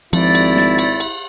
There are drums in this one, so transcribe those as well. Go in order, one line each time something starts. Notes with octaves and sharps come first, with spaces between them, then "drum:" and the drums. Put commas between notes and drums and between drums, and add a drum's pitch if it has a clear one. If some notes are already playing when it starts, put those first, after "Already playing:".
G#1 F3 E4 D5, drum: cymbal
drum: cymbal
drum: snare
drum: cymbal
drum: cymbal